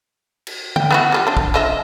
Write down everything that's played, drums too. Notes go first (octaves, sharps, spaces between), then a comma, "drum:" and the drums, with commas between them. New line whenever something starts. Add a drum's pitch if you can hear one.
drum: cymbal
G5, drum: tom
B3 E4 F#4
G3 B3 F4
C4 D4
drum: kick
F3 D#5 E5